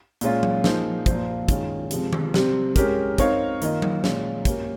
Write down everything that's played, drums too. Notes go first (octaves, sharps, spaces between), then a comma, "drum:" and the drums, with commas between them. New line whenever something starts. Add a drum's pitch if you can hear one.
A#2 G#3 C#4 F4, drum: hi-hat
drum: tom F#3
F3 A#3 D#4 G#4 C5, drum: snare
A#2 F3 A#3 F4 C5, drum: kick, hi-hat
D#3 G#3 C#4 F4, drum: kick, hi-hat
C3 F3 G#3 C4, drum: hi-hat
drum: tom D#3
C3 G3 C4, drum: snare
G#3 C#4 G4 A#4, drum: kick, hi-hat
C4 D#4 A#4 C#5 F5, drum: kick, hi-hat
D#3 A#3 F4 A#4 D#5, drum: hi-hat
drum: tom F#3
A#2 G#3 C#4 F4, drum: snare
A#3 C#4 G4 A#4, drum: kick, hi-hat